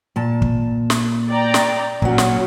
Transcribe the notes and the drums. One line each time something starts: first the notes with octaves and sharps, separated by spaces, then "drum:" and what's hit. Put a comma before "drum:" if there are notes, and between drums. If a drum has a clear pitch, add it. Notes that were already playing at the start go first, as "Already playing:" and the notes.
A#2 A5
drum: kick
drum: snare
D5 G5 A#5
drum: snare
A#2 F#3 C#4 F#5, drum: kick
drum: snare